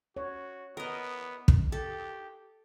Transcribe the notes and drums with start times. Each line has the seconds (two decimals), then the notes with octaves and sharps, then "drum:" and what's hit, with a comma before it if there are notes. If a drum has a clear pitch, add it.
0.17 F#4 C#5
0.77 B3 A#4 D#5
1.48 drum: kick
1.72 G4 A4